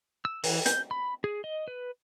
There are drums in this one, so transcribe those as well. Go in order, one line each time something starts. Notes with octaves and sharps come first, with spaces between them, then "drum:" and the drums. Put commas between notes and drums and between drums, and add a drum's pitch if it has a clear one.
E6
E3, drum: open hi-hat
G6, drum: hi-hat
B5
G#4
D#5
B4